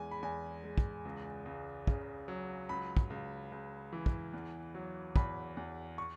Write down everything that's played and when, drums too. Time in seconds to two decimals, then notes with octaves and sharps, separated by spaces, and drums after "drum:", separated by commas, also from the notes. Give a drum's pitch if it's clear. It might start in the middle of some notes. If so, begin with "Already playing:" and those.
Already playing: E2 G#3 G#5
0.11 B5
0.22 E2 G#5
0.64 G#3
0.78 drum: kick
1.05 C#2
1.45 C#2
1.87 C#3, drum: kick
2.28 F#3
2.69 C#2 B5
2.97 drum: kick
3.10 C#2
3.52 C#2
3.93 E3
4.06 drum: kick
4.33 E2
4.75 F#3
5.16 E2 B5, drum: kick
5.57 E2
5.98 C#6